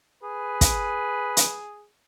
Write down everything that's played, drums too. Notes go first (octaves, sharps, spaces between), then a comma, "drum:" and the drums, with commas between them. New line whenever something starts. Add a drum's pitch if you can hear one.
G#4 B4
drum: kick, hi-hat
drum: hi-hat